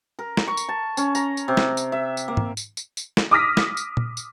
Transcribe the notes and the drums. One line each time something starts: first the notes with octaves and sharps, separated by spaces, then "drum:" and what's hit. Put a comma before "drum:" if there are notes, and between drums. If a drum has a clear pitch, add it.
A#4
drum: snare
C#6
drum: tambourine
A5
C#4, drum: tambourine
A#5, drum: tambourine
drum: tambourine
C3
drum: snare
drum: tambourine
E5
drum: tambourine
A#3
drum: tom
drum: tambourine
drum: tambourine
drum: tambourine
drum: snare
D6 D#6 F6 A#6 B6
drum: snare
drum: tambourine
drum: tom A#2
drum: tambourine